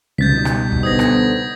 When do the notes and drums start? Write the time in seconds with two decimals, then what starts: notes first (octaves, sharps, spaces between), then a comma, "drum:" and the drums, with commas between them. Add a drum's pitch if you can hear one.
0.18 C#2 B2 G3 D#4 G6 A6 B6
0.45 drum: rim click
0.72 drum: kick
0.83 D3 B3 C5 D#6 G#6 A#6
0.99 drum: rim click